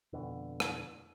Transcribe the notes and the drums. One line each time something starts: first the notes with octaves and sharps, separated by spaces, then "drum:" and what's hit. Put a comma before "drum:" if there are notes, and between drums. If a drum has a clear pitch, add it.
F2 B2 D3
drum: rim click